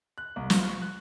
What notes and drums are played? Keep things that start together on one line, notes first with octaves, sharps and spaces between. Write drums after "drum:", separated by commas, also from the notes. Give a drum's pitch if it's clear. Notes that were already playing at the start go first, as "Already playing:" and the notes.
F#6
C2
F4, drum: snare
C#6
F#6